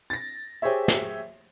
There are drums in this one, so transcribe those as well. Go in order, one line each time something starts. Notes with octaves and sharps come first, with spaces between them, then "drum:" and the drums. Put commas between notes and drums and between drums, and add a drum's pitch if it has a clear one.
A6 A#6
G4 G#4 C5 C#5 E5
drum: snare